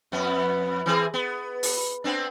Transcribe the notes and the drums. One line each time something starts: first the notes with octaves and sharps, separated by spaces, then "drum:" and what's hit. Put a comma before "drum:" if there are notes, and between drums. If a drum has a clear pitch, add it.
F2 B3
E3 C4 G#4
B3
drum: open hi-hat
B3 C4 D4